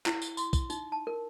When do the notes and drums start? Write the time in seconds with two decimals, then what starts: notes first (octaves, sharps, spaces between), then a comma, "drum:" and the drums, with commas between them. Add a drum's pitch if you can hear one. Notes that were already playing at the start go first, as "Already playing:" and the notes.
0.06 E4, drum: clap
0.22 drum: tambourine
0.37 C6, drum: tambourine
0.53 drum: kick, tambourine
0.70 D#4, drum: tambourine
0.92 A5
1.07 A#4